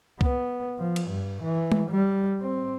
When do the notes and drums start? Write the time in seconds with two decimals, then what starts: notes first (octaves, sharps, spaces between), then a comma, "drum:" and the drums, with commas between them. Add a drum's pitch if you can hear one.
0.21 B3, drum: kick C2
0.79 F3
0.96 drum: cymbal
1.09 G2
1.42 E3
1.72 drum: tom G#3
1.90 G3
2.40 C4